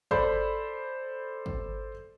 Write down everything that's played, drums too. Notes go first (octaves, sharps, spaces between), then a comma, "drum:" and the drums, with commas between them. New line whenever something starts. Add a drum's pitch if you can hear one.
A4 C5 D5 B5, drum: kick
drum: kick